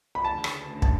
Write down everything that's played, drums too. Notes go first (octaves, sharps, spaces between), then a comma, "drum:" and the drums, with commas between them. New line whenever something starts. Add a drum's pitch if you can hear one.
B5
D2 C#3 E3 A5
drum: rim click
A5, drum: kick